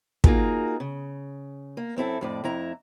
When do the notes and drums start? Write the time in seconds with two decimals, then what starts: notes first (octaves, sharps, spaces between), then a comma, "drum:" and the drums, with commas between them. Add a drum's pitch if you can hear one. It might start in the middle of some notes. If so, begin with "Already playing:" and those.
0.24 A#3 D#4 F4 F#4 G#4 A#4, drum: kick
0.80 C#3
1.77 A#3
1.96 F#2 C4 E4 A4
2.21 F2 A2 D5
2.44 F2 E4 A#5